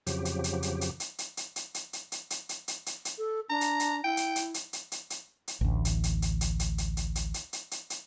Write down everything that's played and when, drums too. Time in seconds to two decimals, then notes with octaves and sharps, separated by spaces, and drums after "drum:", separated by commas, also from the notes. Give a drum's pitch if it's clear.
0.07 F2 C#3 F3 F#3 G4, drum: hi-hat
0.25 drum: hi-hat
0.44 drum: hi-hat
0.63 drum: hi-hat
0.81 drum: hi-hat
1.00 drum: hi-hat
1.18 drum: hi-hat
1.37 drum: hi-hat
1.56 drum: hi-hat
1.74 drum: hi-hat
1.93 drum: hi-hat
2.12 drum: hi-hat
2.30 drum: hi-hat
2.49 drum: hi-hat
2.68 drum: hi-hat
2.86 drum: hi-hat
3.05 drum: hi-hat
3.18 A4
3.50 D4 A#5
3.61 drum: hi-hat
3.80 drum: hi-hat
4.04 E4 G5
4.17 drum: hi-hat
4.36 drum: hi-hat
4.54 drum: hi-hat
4.73 drum: hi-hat
4.92 drum: hi-hat
5.10 drum: hi-hat
5.48 drum: hi-hat
5.61 A1 D2
5.85 drum: hi-hat
6.04 drum: hi-hat
6.22 drum: hi-hat
6.41 drum: hi-hat
6.59 drum: hi-hat
6.78 drum: hi-hat
6.97 drum: hi-hat
7.15 drum: hi-hat
7.34 drum: hi-hat
7.53 drum: hi-hat
7.71 drum: hi-hat
7.90 drum: hi-hat